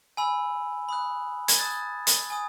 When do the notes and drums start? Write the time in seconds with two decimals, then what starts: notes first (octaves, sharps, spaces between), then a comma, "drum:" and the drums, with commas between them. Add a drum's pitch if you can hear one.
0.17 G#5 B5 E6
0.89 B5 D#6 F#6
1.48 G#6, drum: hi-hat
1.59 A5 D#6 F#6 A6
2.07 drum: hi-hat
2.30 G#5 D#6